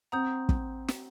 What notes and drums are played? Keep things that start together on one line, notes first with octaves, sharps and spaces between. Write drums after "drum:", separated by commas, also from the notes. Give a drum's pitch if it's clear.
C4 F#5 A#5 D#6 G6
drum: kick
drum: snare